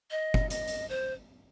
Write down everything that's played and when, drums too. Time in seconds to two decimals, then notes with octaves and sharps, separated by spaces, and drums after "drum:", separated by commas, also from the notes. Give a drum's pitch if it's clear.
0.11 D#5
0.34 drum: kick F#1
0.50 D#5, drum: hi-hat
0.67 drum: hi-hat
0.89 C5